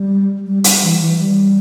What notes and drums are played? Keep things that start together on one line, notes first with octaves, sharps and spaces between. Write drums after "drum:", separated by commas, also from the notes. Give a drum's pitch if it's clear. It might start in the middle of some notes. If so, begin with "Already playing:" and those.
Already playing: G3
G3
G3, drum: hi-hat
E3
E3
G3